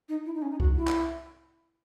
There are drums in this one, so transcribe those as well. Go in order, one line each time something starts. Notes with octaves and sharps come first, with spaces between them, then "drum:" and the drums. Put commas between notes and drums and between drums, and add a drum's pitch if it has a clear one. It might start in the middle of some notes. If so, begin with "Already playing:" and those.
D#4
E4
D#4
C#4
D#4
F#4, drum: kick C2
E4
drum: clap